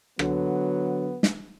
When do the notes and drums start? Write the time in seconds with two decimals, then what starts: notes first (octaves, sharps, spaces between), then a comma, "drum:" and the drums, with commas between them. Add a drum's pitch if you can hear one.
0.19 D3 F#3 B3, drum: rim click
1.23 drum: snare